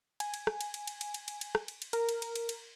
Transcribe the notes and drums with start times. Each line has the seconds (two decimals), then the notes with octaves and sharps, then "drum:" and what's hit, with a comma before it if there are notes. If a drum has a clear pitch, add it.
0.20 G#5, drum: cymbal
0.34 drum: cymbal
0.47 drum: rim click
0.61 drum: cymbal
0.74 drum: cymbal
0.87 drum: cymbal
1.01 drum: cymbal
1.14 drum: cymbal
1.28 drum: cymbal
1.41 drum: cymbal
1.55 drum: rim click
1.68 drum: cymbal
1.82 drum: cymbal
1.93 A#4, drum: cymbal
2.09 drum: cymbal
2.22 drum: cymbal
2.36 drum: cymbal
2.49 drum: cymbal